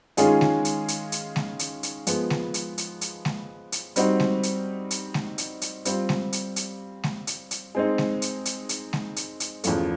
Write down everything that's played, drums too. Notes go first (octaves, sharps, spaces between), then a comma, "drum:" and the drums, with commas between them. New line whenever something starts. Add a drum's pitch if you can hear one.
D#3 G#3 C#4 F4 G#4, drum: hi-hat
drum: snare G#3
drum: hi-hat
drum: hi-hat
drum: hi-hat
drum: snare G#3
drum: hi-hat
drum: hi-hat
F3 G#3 B3, drum: hi-hat
drum: snare G#3
drum: hi-hat
drum: hi-hat
drum: hi-hat
drum: snare G#3
drum: hi-hat
G3 C4 D#4 F#4, drum: hi-hat
drum: snare G#3
drum: hi-hat
drum: hi-hat
drum: snare G#3
drum: hi-hat
drum: hi-hat
G3 C4 F4, drum: hi-hat
drum: snare G#3
drum: hi-hat
drum: hi-hat
drum: snare G#3
drum: hi-hat
drum: hi-hat
G#3 C4 D#4
drum: snare G#3
drum: hi-hat
drum: hi-hat
drum: hi-hat
drum: snare G#3
drum: hi-hat
drum: hi-hat
E2 C#3 F3 A3, drum: hi-hat